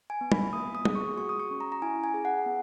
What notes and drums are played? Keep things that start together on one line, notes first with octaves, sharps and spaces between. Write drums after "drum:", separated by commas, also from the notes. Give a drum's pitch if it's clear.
G#5
B3
B5, drum: tom
A#3 D#6
D#6
G#4, drum: tom
C#6
F#4 C#6
D#6
C#6
C#4
A#5
A#5
E4 G#5
G#5
G#4
F#5
B3